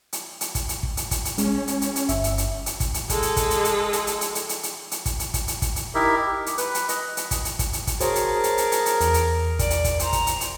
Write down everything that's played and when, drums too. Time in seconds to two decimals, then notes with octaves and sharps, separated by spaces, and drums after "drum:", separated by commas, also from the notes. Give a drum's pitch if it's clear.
0.13 drum: hi-hat
0.41 drum: hi-hat
0.55 drum: kick, hi-hat
0.69 drum: hi-hat
0.83 drum: kick
0.97 drum: hi-hat
1.11 drum: kick, hi-hat
1.25 drum: hi-hat
1.38 G#3 C#4, drum: hi-hat
1.67 drum: hi-hat
1.82 drum: hi-hat
1.96 drum: hi-hat
2.09 G1 E5, drum: hi-hat
2.24 drum: hi-hat
2.38 drum: hi-hat
2.66 drum: hi-hat
2.80 drum: kick, hi-hat
2.94 drum: hi-hat
3.09 G#3 A4, drum: kick, hi-hat
3.22 drum: hi-hat
3.37 drum: kick, hi-hat
3.51 drum: hi-hat
3.65 drum: hi-hat
3.93 drum: hi-hat
4.07 drum: hi-hat
4.21 drum: hi-hat
4.35 drum: hi-hat
4.49 drum: hi-hat
4.63 drum: hi-hat
4.91 drum: hi-hat
5.06 drum: kick, hi-hat
5.20 drum: hi-hat
5.34 drum: kick, hi-hat
5.48 drum: hi-hat
5.62 drum: kick, hi-hat
5.76 drum: hi-hat
5.95 D#4 E4 G4 A#4 E5
6.26 G4
6.46 drum: hi-hat
6.58 B4, drum: hi-hat
6.75 drum: hi-hat
6.89 D#5, drum: hi-hat
7.17 drum: hi-hat
7.31 drum: kick, hi-hat
7.45 drum: hi-hat
7.59 drum: kick, hi-hat
7.73 drum: hi-hat
7.87 drum: kick, hi-hat
8.00 F#4 G#4 A#4 C5 C#5 A5, drum: hi-hat
8.15 drum: hi-hat
8.44 drum: hi-hat
8.58 drum: hi-hat
8.72 drum: hi-hat
8.86 drum: hi-hat
9.01 E2, drum: hi-hat
9.14 drum: hi-hat
9.59 D5, drum: kick, hi-hat
9.70 drum: hi-hat
9.84 drum: kick, hi-hat
9.99 C5 A#5, drum: hi-hat
10.13 drum: kick, hi-hat
10.27 drum: hi-hat
10.41 drum: hi-hat